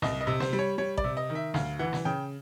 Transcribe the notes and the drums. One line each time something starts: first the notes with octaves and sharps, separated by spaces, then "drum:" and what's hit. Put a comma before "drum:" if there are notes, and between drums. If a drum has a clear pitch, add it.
C2 D#5, drum: snare
D#5
C3
C5, drum: snare
G3
C#5
G3 C#5
D5, drum: kick A1
C3
D#5
D#3
E5
D2 F5, drum: snare
E3 F#5
drum: snare
C#3 G5